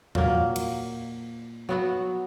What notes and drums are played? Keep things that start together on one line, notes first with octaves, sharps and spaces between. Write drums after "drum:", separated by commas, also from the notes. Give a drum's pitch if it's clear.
A#2 F#3 A#3, drum: tom E2
drum: cymbal
F#3 B3 F#4